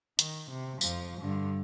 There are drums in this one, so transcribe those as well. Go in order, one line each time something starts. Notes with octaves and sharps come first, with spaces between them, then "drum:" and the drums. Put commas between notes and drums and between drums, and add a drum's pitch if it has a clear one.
D#3, drum: hi-hat
C3
F2 F3, drum: tambourine
G2 D3